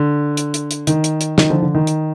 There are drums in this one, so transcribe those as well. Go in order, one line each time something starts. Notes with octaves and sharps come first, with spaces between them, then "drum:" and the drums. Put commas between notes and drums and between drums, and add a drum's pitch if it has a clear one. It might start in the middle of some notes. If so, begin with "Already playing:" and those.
Already playing: D3
drum: hi-hat
drum: hi-hat
drum: hi-hat
D#3, drum: hi-hat
drum: hi-hat
drum: hi-hat
D#3, drum: snare
D3 F3
D3
D#3
drum: hi-hat